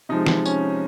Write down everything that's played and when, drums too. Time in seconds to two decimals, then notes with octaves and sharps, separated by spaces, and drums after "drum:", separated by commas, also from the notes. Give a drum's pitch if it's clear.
0.09 C3 F3 G#3 D#4
0.26 drum: snare
0.45 C#4, drum: tambourine